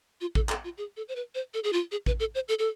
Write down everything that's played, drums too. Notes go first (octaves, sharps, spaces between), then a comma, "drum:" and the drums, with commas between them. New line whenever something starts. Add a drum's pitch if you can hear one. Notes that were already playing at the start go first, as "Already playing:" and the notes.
F4
A4, drum: kick A1
A4, drum: clap
F4
G#4
A4
C5
B4
C5
A4
G#4
F4
G#4
B4, drum: kick A1
A4
C5
A4
A4